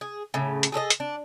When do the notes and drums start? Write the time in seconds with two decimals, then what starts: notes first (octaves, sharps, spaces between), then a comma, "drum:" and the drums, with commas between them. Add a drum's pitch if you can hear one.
0.01 G#4
0.34 A2 C#3
0.63 drum: hi-hat
0.72 G#4 A4 C#5 D#5
0.90 drum: hi-hat
1.00 D4